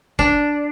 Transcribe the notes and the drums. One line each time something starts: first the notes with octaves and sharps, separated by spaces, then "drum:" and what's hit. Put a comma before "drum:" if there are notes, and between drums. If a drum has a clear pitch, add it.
D4, drum: kick